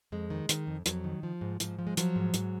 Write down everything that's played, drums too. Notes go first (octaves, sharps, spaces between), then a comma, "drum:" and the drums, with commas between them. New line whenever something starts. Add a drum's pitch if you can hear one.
F2 G#3
D#3
D#3, drum: hi-hat
F2
F2 F#3, drum: hi-hat
D#3
F3
G#2
G#2 F3, drum: hi-hat
F3
G#3
F3 F#3, drum: hi-hat
G#2
G#2, drum: hi-hat